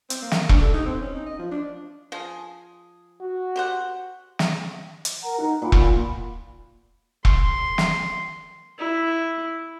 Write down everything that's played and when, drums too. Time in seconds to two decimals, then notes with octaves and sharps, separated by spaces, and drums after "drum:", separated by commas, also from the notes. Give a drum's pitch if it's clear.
0.10 C4, drum: hi-hat
0.22 A#3
0.31 drum: snare
0.49 D4, drum: kick E1
0.62 A4
0.73 D#4
0.86 C4
1.01 C#4
1.15 D#4
1.26 D#5
1.39 F3
1.51 D4
2.12 F3 G#4
3.20 F#4
3.56 G4 C5 F#5
4.39 drum: snare
5.05 drum: hi-hat
5.22 A#4 F#5 A#5
5.40 D#4 F#5 A#5
5.62 A#2 B5 D6
5.72 drum: kick E1
7.25 C6, drum: kick E1
7.78 drum: snare
8.79 E4